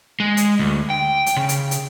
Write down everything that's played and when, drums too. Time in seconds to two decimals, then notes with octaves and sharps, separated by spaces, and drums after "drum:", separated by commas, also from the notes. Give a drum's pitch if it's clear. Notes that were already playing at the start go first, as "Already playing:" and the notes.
0.20 G#3
0.37 drum: hi-hat
0.59 D2
0.90 G5
1.26 drum: hi-hat
1.37 C#3
1.49 drum: hi-hat
1.71 drum: hi-hat